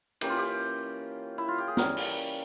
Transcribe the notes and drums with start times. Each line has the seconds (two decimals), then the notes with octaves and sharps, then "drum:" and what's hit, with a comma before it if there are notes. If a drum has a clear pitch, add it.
0.21 E3 A#3 C#4 G4, drum: cymbal
0.30 F4
0.38 G4
1.38 E4
1.48 F4
1.58 G4
1.67 G#4
1.77 E3 G3 A#3 C#4 A#4, drum: snare
1.97 drum: open hi-hat